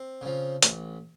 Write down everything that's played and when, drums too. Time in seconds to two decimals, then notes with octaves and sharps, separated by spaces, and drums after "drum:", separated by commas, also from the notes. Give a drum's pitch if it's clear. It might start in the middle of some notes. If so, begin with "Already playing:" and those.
Already playing: C4
0.21 C#3 F3
0.62 A1, drum: hi-hat